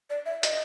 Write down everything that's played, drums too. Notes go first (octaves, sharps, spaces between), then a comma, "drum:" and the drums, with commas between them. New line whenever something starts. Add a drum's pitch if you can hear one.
D5
E5
D#5, drum: hi-hat